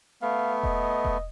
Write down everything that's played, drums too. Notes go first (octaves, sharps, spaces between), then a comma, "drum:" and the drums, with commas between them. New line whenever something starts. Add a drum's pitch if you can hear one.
A3 B3 F5
D#5, drum: kick E1
drum: kick E1